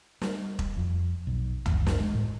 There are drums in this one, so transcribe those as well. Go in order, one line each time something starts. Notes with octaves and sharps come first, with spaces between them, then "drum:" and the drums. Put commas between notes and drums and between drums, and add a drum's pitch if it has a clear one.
G3, drum: snare
drum: kick E1
F2
B1
F#1, drum: tom C#2
drum: snare
G#3
A2